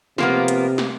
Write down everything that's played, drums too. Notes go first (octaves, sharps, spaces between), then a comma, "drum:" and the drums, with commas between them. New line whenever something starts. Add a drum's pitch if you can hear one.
C3 F3 A#3 B3, drum: snare
drum: hi-hat
drum: snare